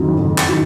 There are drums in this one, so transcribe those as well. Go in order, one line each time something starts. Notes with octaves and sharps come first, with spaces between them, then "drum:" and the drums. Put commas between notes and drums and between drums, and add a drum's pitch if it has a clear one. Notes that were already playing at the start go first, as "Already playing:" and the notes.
Already playing: F#1 F2 D#3 F#3
F#1
drum: clap
D#3 F#3